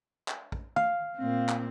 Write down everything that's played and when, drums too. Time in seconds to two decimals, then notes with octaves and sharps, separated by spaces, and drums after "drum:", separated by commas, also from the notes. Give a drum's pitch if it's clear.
0.28 drum: clap
0.52 drum: kick
0.76 F5, drum: tom
1.17 A#2 C4
1.49 drum: clap